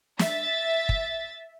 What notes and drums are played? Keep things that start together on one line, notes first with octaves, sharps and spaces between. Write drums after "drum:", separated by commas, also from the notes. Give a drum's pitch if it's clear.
E5 A6, drum: snare
drum: kick